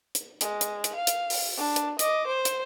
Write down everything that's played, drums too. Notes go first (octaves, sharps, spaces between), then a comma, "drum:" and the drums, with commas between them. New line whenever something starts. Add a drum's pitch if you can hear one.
drum: hi-hat
G#3, drum: hi-hat
drum: hi-hat
drum: hi-hat
F5
drum: hi-hat
drum: open hi-hat
D4
drum: hi-hat
D#5 D6, drum: hi-hat
C5
drum: hi-hat